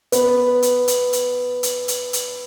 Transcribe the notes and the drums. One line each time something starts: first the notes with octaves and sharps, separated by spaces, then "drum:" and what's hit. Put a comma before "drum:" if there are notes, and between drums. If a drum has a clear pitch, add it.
B3, drum: hi-hat
drum: hi-hat
drum: hi-hat
drum: hi-hat
drum: hi-hat
drum: hi-hat
drum: hi-hat